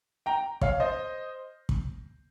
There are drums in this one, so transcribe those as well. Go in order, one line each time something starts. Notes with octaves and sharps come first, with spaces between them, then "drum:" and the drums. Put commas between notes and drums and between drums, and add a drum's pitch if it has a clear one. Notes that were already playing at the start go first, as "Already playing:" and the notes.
G5 A#5
C#5 F5, drum: kick
C5 D#5
drum: kick